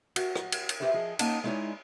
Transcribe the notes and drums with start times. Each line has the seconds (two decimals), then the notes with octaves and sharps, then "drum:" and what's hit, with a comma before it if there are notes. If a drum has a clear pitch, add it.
0.16 F#4, drum: cymbal
0.36 drum: rim click
0.52 drum: cymbal
0.69 drum: cymbal
0.80 F#4 G4 B4 C5 E5
0.94 F3 G#4 D#5
1.19 A#3 C#4 D#4 D#5 F#5 A5, drum: cymbal
1.44 G#3 D#4 E4 C#5 D5 G#5